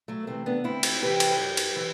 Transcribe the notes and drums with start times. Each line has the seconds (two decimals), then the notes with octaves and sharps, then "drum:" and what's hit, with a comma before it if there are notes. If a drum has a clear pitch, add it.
0.08 F#3 A3
0.27 C3 E3 A3 C4
0.46 B3 D4
0.64 D2 C4 E4
0.83 drum: cymbal
1.02 C3 E3 G4 B4
1.20 drum: cymbal
1.38 F#2
1.57 drum: cymbal
1.76 E3